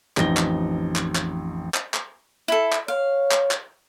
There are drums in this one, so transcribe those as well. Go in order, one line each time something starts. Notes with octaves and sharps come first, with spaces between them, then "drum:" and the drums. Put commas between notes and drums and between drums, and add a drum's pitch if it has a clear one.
A1 F2 D#4 A#6 G7, drum: clap
drum: clap
drum: clap
drum: clap
drum: clap
drum: clap
E4 A4
drum: clap
C#5 F5
drum: clap
drum: clap